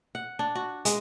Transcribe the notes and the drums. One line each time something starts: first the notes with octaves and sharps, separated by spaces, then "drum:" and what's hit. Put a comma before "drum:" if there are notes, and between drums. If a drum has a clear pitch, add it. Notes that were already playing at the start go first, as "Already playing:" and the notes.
F#5
D4
F#4
G#3, drum: hi-hat